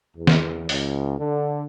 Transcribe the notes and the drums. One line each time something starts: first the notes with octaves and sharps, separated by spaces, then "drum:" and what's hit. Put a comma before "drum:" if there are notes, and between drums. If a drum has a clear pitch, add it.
E2
drum: snare
C#2, drum: open hi-hat
D3